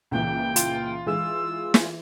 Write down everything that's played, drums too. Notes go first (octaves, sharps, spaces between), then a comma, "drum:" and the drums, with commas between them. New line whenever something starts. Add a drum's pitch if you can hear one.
C#2 A#2 E3 G5
F4, drum: hi-hat
E3 G#3 E6
drum: snare